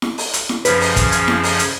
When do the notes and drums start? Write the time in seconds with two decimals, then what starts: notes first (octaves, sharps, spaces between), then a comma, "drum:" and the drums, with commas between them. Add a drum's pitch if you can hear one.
0.02 drum: snare E4
0.18 drum: open hi-hat
0.34 drum: hi-hat
0.49 drum: snare E4
0.65 F#2 C#3 F3 B4, drum: hi-hat
0.81 drum: open hi-hat
0.96 drum: kick, hi-hat
1.12 drum: hi-hat
1.28 drum: snare E4
1.43 drum: open hi-hat
1.59 drum: hi-hat